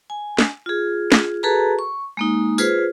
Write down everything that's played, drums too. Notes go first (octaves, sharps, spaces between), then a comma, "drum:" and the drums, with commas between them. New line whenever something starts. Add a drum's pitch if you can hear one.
G#5
drum: snare
F4 G#4
drum: snare
F#4 G#4 A4 B4 A5 A#5
C#6
G#3 A#3 D#4
F4 G#4 B4 C5, drum: tambourine